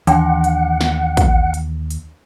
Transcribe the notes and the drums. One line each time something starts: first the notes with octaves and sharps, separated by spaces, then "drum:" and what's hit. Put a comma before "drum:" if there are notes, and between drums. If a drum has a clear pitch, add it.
D#2 E3 D4 F#5 G5, drum: hi-hat
drum: hi-hat
drum: snare
drum: kick, hi-hat
drum: hi-hat
drum: hi-hat